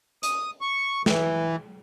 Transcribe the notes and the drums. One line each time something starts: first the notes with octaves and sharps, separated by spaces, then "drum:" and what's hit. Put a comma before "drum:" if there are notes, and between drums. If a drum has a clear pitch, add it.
D#6, drum: hi-hat
C#6
E3, drum: snare